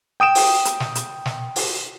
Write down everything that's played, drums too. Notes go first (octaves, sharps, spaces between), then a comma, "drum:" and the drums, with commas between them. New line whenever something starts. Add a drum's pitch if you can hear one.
G5 D#6 D7 E7
drum: open hi-hat
drum: hi-hat
drum: snare
drum: hi-hat
drum: snare
drum: open hi-hat